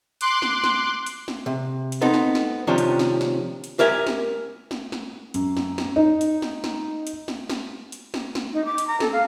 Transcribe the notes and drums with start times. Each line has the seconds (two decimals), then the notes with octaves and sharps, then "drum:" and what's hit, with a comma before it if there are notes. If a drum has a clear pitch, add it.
0.21 C6 D6 F#6, drum: hi-hat
0.42 drum: snare
0.64 drum: snare
1.06 drum: hi-hat
1.28 drum: snare
1.46 C3
1.92 drum: hi-hat
2.01 B3 C4 D#4 A4
2.14 drum: snare
2.35 drum: snare
2.67 C3 D#3 F3 C#4 D4
2.78 drum: hi-hat
2.99 drum: snare
3.21 drum: snare
3.64 drum: hi-hat
3.79 G4 A#4 E5 G#5
4.07 drum: snare
4.71 drum: snare
4.92 drum: snare
5.34 F#2, drum: hi-hat
5.57 drum: snare
5.78 drum: snare
5.96 D#4
6.21 drum: hi-hat
6.42 drum: snare
6.64 drum: snare
7.07 drum: hi-hat
7.28 drum: snare
7.49 drum: snare
7.92 drum: hi-hat
8.14 drum: snare
8.35 drum: snare
8.53 D#4
8.65 D6
8.78 drum: hi-hat
8.88 A#5
9.00 A4, drum: snare
9.13 F5